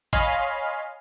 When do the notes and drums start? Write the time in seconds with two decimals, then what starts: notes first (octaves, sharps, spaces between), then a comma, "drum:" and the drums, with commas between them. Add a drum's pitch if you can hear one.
0.13 C#5 D#5 F5 G#5 B5 C6, drum: kick